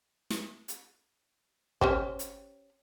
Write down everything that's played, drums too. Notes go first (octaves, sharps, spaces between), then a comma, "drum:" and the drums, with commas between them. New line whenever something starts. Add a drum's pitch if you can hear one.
drum: snare
drum: hi-hat
C#4 G4 C5, drum: kick
drum: hi-hat